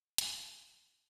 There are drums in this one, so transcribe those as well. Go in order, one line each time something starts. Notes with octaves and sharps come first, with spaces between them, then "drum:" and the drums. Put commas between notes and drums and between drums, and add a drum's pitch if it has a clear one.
G#4 A4 B4 C5 D#5, drum: hi-hat
F#3 F#4 E5
A#3 C#4 D5 G5 A#5
D5
F4